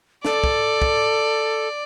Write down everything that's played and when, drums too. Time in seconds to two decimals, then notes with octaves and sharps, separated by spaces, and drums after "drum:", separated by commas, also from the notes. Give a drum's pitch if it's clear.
0.25 A4 D5, drum: snare
0.44 drum: kick
0.82 drum: kick